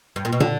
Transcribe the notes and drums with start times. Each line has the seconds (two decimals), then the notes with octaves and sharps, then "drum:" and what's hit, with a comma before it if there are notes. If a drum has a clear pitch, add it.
0.16 G2
0.25 A#2
0.32 B2
0.40 D3, drum: tom